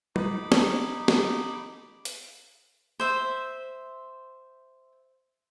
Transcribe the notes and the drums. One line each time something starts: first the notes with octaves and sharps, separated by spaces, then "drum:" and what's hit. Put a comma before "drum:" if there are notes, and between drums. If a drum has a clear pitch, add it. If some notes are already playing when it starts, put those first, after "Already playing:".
D#4 B5 D6, drum: tom
drum: snare
drum: snare
drum: hi-hat
C5 E5